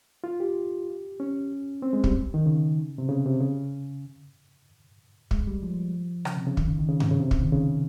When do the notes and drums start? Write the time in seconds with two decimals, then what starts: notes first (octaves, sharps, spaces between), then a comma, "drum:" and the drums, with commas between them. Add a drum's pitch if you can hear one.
0.24 F4
0.40 G4
1.20 C#4
1.82 C4
1.93 G#3
2.04 G3, drum: kick
2.34 D#3
2.46 C#3
2.98 C3
3.09 C#3
3.26 C3
3.41 C#3
5.31 G#3, drum: kick
5.47 G3
5.63 F3
6.25 C#3, drum: rim click
6.37 C3
6.47 C#3
6.57 D#3, drum: kick
6.68 C#3
6.79 D#3
6.89 C#3
7.00 C3, drum: tom G2
7.11 C#3
7.20 C3
7.31 C#3, drum: kick
7.42 D#3
7.52 C#3